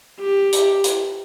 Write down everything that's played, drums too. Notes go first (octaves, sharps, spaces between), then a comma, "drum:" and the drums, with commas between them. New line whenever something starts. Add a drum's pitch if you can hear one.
G4
drum: hi-hat
drum: hi-hat